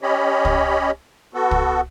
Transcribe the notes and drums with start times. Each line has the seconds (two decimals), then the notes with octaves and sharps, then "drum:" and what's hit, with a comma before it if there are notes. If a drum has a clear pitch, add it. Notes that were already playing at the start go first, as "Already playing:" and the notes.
0.02 C#4 G4 C#5 D#5 B5
0.45 drum: kick
1.34 B3 F#4 A4
1.51 drum: kick